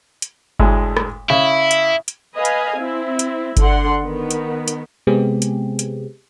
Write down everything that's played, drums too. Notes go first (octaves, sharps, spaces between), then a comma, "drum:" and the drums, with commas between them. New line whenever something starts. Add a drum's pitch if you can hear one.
drum: hi-hat
D2 A2 G#3, drum: kick G1
drum: rim click
C#3 E4
drum: hi-hat
drum: hi-hat
B4 D#5 F5 G#5
drum: hi-hat
C4 E4
drum: hi-hat
D3 D4 F#5 C6, drum: kick G1, hi-hat
D#3 B3
drum: hi-hat
drum: hi-hat
C3 G#3 B3 C4 G4 G#4
drum: hi-hat
drum: hi-hat